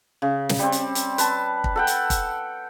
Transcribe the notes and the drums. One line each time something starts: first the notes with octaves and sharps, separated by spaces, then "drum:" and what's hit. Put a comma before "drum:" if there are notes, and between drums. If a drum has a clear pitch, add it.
C#3
drum: snare
G3 C4
drum: hi-hat
drum: hi-hat
B4 A5, drum: hi-hat
drum: kick
A4 F#5 G5
drum: hi-hat
drum: kick, hi-hat